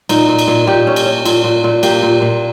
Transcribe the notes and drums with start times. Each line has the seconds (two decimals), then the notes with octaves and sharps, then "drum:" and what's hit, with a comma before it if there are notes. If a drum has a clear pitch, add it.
0.09 A#2 D#4, drum: cymbal
0.29 A#2
0.39 drum: cymbal
0.48 A#2
0.67 A#2 G4
0.87 C#4
0.96 drum: cymbal
1.06 C#4
1.25 A#2, drum: cymbal
1.44 A#2
1.64 A#2
1.83 A#3 G4, drum: cymbal
2.03 A#2
2.22 A#2